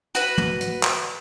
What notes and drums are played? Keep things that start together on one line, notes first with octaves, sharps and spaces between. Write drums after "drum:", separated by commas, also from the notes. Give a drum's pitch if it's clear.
F#4 B4, drum: hi-hat
drum: tom
drum: hi-hat
drum: clap